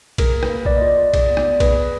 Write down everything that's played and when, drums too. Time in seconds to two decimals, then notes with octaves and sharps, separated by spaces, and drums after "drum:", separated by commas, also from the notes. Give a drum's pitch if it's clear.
0.18 G#4 A#4, drum: kick A#1, cymbal
0.34 A#3
0.43 B4, drum: rim click
0.50 A#3
0.65 A#3 D5, drum: kick A#1
0.77 F4 D#5
0.87 D5
0.97 F4
1.14 G#4 D5, drum: kick A#1, cymbal
1.30 B3
1.37 D5, drum: rim click
1.45 B3
1.60 G#4 B4, drum: kick A#1, cymbal
1.76 G#4